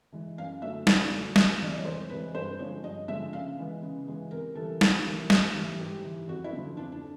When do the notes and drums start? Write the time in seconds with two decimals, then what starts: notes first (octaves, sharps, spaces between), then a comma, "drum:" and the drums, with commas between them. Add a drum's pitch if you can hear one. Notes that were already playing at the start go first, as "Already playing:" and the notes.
0.12 E3 G#3
0.38 F#2 F5
0.62 D3 F#3 A3 E5
0.87 F#2 D5, drum: snare
1.11 D3 F#3 A3
1.36 E2, drum: snare
1.61 C3 E3 G#3 D#5
1.70 D5
1.79 C#5
1.85 E2 C5
2.09 C3 E3 G#3 B4
2.34 G2 C5
2.59 D3 F3 G#3 C#5
2.83 G2 D#5
3.08 D3 F3 G#3 E5
3.32 C#3 F5
3.58 E3 G#3 B3
3.82 C#3
4.07 E3 G#3 B3
4.31 C3 A#4
4.55 E3 G3 A#3 A4
4.81 C3, drum: snare
5.05 E3 G3 A#3
5.30 G#2, drum: snare
5.55 E3 G3
5.79 G#2 G4
6.03 E3 G3
6.28 F2 F#4
6.44 E4
6.53 D3 F3
6.77 F2 D4
6.92 D4